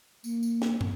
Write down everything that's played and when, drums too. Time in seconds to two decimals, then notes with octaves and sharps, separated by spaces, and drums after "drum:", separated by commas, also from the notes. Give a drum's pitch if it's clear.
0.24 A#3, drum: tambourine
0.43 drum: tambourine
0.62 drum: snare
0.81 C4, drum: tom